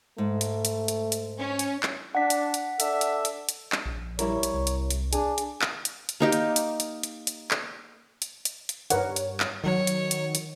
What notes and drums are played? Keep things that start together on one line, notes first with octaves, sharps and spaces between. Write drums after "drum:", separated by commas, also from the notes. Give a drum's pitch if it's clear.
G#2 A3
drum: hi-hat
drum: hi-hat
drum: hi-hat
drum: hi-hat
C#4
drum: hi-hat
drum: clap
D4 F#5 B6
drum: hi-hat
drum: hi-hat
D4 A4 E5, drum: hi-hat
drum: hi-hat
drum: hi-hat
drum: hi-hat
drum: clap
A#1
G3 E4 A#4 C#5, drum: hi-hat
drum: hi-hat
C2
drum: hi-hat
drum: hi-hat
D4 G#4, drum: hi-hat
drum: hi-hat
drum: clap
drum: hi-hat
drum: hi-hat
A#3 D#4 G4
drum: hi-hat
drum: hi-hat
drum: hi-hat
drum: hi-hat
drum: hi-hat
drum: clap
drum: hi-hat
drum: hi-hat
drum: hi-hat
G2 A#4 B4 C#5 F#5, drum: hi-hat
drum: hi-hat
drum: clap
D#3 F#3 C#5
drum: hi-hat
drum: hi-hat
drum: hi-hat